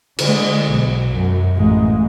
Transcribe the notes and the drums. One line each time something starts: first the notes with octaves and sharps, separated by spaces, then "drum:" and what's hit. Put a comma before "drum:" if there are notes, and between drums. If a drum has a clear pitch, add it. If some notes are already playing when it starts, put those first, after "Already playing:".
D3 G#3, drum: cymbal
B1
F#2
A1 G#3